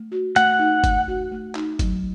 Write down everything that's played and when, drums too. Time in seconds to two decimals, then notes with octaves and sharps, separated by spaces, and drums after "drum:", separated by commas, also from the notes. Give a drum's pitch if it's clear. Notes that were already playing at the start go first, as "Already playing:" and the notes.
Already playing: A3
0.12 F#4
0.36 A3 F#5, drum: hi-hat
0.59 D#4
0.84 A3, drum: kick G1, hi-hat
1.08 F#4
1.31 A3
1.55 D#4, drum: clap
1.79 F#3, drum: kick G1, hi-hat